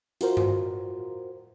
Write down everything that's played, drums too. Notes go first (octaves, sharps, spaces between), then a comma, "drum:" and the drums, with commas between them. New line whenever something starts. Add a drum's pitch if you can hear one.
F4 F#4 A#4 C5, drum: hi-hat
drum: tom G2